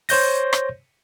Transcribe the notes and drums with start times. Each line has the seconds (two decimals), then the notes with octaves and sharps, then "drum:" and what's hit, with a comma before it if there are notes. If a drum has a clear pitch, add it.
0.09 C5 C#5 G6 A#6, drum: open hi-hat
0.53 drum: rim click